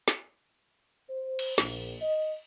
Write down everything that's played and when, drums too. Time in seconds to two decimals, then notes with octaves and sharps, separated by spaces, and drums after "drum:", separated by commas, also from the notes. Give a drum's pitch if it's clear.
0.08 drum: snare
1.09 C5
1.39 drum: cymbal
1.58 A#1, drum: snare
2.02 D#5